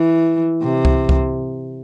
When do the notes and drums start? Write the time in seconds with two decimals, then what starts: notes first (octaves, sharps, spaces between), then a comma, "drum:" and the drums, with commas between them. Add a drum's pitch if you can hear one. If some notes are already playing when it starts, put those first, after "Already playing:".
Already playing: E3
0.63 C3
0.85 drum: kick C2
1.09 drum: kick C2